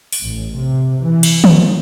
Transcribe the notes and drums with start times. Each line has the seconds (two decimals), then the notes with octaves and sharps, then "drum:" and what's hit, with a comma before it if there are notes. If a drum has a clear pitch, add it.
0.12 drum: open hi-hat
0.23 A1
0.59 C3
1.02 E3
1.23 drum: cymbal
1.44 F3, drum: tom